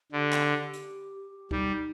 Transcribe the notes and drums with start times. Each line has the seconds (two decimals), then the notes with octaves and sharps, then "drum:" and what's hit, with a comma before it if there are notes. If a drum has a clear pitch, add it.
0.12 D3 G4
0.33 drum: clap
0.73 drum: hi-hat
1.51 G3 D#4, drum: kick D2